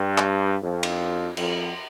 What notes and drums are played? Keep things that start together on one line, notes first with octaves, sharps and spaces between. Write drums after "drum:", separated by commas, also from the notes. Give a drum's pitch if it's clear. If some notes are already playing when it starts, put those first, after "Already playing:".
Already playing: G2
drum: clap
F2
drum: cymbal
F2, drum: cymbal